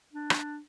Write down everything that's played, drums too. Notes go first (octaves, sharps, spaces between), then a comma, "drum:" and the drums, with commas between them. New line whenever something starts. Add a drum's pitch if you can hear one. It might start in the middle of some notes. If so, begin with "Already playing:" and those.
D4
drum: rim click